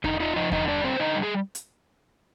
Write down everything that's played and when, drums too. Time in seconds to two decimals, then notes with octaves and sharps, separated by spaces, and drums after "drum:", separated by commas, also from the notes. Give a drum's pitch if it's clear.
0.04 D3 D#4 D#5, drum: kick E2
0.20 D#4 F4 D#5
0.36 F3 D#4 D#5
0.52 D3 D#4 D#5, drum: kick E2
0.68 G3 D4 D5
0.84 D3 C4 C5
1.00 D3 D#4 D#5
1.15 G3
1.23 G#4
1.55 drum: hi-hat